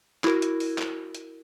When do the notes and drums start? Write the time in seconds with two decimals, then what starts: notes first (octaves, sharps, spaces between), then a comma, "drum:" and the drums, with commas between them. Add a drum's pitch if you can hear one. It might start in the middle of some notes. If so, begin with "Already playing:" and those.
0.24 E4 F#4 A#4, drum: clap
0.42 drum: hi-hat
0.60 drum: open hi-hat
0.78 drum: clap
1.15 drum: hi-hat